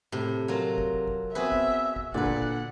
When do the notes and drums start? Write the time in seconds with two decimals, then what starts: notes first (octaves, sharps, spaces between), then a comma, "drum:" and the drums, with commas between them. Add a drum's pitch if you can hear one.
0.12 A2 C3
0.48 F#3 F4 A#4
0.78 drum: kick
1.07 drum: kick
1.35 B3 C4 F#4 G#4 B4 E5
1.52 drum: kick
1.96 drum: kick
2.14 A#2 D3 B4 D5 F#5
2.26 drum: kick